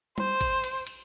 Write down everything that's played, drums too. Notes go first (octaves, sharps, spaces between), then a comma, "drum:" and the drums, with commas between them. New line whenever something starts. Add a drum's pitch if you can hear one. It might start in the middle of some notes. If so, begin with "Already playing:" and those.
C5, drum: tom G3
drum: kick G#1, cymbal
drum: cymbal
drum: cymbal